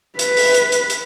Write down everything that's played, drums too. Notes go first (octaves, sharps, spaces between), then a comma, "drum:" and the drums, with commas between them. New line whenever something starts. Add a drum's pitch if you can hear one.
B4, drum: hi-hat
drum: open hi-hat
drum: hi-hat
drum: hi-hat
drum: hi-hat